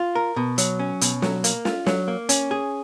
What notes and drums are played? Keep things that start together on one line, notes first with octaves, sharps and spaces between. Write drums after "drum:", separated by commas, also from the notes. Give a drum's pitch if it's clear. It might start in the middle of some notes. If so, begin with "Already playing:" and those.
Already playing: F4
A#4
B2
F#3, drum: hi-hat
C#4
B2, drum: hi-hat
F#3, drum: snare
A#3, drum: hi-hat
F4, drum: snare
F#3, drum: snare
A#3
C#4, drum: hi-hat
G#4